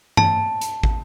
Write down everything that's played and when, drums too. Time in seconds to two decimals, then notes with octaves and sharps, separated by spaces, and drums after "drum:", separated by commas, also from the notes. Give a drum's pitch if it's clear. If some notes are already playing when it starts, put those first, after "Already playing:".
0.17 A5, drum: tom G2
0.61 drum: hi-hat
0.83 drum: kick